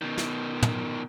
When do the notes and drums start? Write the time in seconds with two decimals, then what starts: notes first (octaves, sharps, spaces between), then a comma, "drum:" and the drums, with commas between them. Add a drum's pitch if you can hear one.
0.02 B2 D#3
0.18 drum: snare
0.63 drum: tom